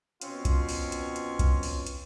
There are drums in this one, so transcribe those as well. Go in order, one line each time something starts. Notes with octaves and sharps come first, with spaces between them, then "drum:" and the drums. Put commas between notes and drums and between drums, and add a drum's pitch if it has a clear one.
B2 C4 C#4 F4, drum: hi-hat
drum: kick B1, hi-hat
drum: open hi-hat
drum: hi-hat
drum: hi-hat
drum: kick B1, hi-hat
drum: open hi-hat
drum: hi-hat